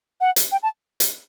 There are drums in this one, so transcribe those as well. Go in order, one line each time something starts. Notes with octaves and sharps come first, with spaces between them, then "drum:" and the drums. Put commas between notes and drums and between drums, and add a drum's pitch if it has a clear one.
F#5
drum: hi-hat
G5
A5
drum: hi-hat